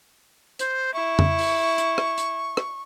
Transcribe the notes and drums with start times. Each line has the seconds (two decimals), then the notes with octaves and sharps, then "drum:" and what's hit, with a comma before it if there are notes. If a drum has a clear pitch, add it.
0.59 C5, drum: hi-hat
0.94 E4 C#6
1.19 drum: tom F2
1.39 drum: open hi-hat
1.78 drum: hi-hat
1.98 drum: rim click
2.18 drum: hi-hat
2.57 drum: rim click